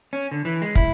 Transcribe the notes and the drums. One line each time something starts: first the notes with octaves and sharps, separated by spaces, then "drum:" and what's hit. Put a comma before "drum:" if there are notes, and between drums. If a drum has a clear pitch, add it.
C#4
D3
E3
G#3
E4, drum: kick